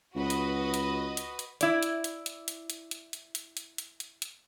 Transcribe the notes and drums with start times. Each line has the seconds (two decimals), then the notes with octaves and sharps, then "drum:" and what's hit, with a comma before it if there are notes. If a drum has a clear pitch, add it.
0.16 C#2 F#4 B4 D#5
0.30 drum: hi-hat
0.74 drum: hi-hat
1.17 drum: hi-hat
1.39 drum: hi-hat
1.61 E4 D5, drum: hi-hat
1.83 drum: hi-hat
2.04 drum: hi-hat
2.26 drum: hi-hat
2.48 drum: hi-hat
2.70 drum: hi-hat
2.91 drum: hi-hat
3.13 drum: hi-hat
3.35 drum: hi-hat
3.57 drum: hi-hat
3.78 drum: hi-hat
4.00 drum: hi-hat
4.22 drum: hi-hat